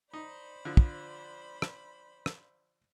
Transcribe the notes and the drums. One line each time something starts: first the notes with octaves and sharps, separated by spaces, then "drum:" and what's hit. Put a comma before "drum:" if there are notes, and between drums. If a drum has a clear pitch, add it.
D#4 C5 D5 B5
D3 F3
drum: kick
drum: rim click
drum: rim click